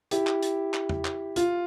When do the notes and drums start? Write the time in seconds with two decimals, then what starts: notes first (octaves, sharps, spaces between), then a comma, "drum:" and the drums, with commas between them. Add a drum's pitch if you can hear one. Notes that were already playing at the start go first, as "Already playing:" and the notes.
0.11 E4 G4, drum: hi-hat
0.27 drum: clap
0.43 drum: hi-hat
0.74 drum: clap
0.89 drum: tom E2
1.05 drum: clap
1.36 F4, drum: hi-hat